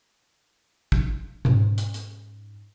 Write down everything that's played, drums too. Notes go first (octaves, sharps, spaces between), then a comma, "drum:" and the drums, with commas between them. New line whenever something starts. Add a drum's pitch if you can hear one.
drum: kick
G#2 C#4, drum: tom B2
drum: hi-hat
drum: hi-hat